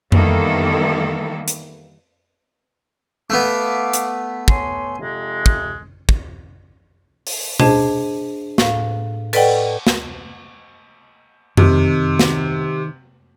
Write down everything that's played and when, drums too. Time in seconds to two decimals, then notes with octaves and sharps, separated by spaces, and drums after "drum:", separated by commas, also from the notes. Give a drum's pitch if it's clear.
0.12 D#3 E3 G3 A#3 B3 A4, drum: tom F2
1.48 drum: hi-hat
3.30 A3 B3 F5 D6
3.93 drum: hi-hat
4.48 C#5 G#5 C6, drum: kick
4.99 F2 C3 G#3
5.46 drum: kick
6.09 drum: kick
7.27 drum: open hi-hat
7.60 D4 G#4 C5 D#5 A5, drum: tom B2
8.58 A2 F5, drum: snare
9.33 A4 B4 D5 D#5 F#5 G5, drum: cymbal
9.87 drum: snare
11.57 C3 D#3, drum: tom F2
12.19 drum: snare